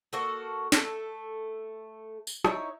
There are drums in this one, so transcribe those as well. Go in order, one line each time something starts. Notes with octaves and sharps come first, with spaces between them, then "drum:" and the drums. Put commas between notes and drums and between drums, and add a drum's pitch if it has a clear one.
A#3 F#4 A4
A3 A4, drum: snare
drum: tambourine
D#4 E4 C#5, drum: rim click